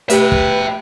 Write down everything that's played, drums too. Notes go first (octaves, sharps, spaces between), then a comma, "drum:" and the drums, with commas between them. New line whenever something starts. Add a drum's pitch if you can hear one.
A3 G4 B4 E5 G5, drum: hi-hat
drum: kick